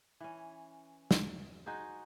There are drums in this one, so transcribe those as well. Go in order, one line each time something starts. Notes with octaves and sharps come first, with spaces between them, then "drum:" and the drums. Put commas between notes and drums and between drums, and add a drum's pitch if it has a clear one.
E3 C#4
drum: snare
D#4 F#4 G#4 C5